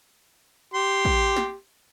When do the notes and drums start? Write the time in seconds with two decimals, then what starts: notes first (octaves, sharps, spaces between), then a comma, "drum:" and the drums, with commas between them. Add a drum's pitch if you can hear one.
0.74 G4 C6
1.05 drum: kick
1.36 drum: snare